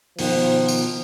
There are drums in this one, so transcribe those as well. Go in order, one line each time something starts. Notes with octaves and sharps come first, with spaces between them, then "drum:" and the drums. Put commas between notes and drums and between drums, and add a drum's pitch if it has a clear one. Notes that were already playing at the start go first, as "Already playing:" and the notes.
B2 D#3 F3, drum: open hi-hat
drum: tambourine